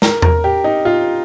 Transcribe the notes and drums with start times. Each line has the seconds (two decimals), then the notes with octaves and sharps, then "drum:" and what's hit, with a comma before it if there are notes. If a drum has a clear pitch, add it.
0.02 A#4, drum: snare
0.22 A#4, drum: tom E2
0.44 G4
0.64 D#4
0.85 F4